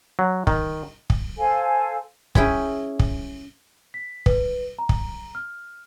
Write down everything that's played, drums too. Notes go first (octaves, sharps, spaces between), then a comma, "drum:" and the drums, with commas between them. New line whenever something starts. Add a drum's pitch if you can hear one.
F#3
D#3, drum: kick
drum: kick
A4 C5 F5 G#5
C#4 E4 G#4 G5, drum: kick
drum: kick
B6
B4, drum: kick
A#5
drum: kick
F6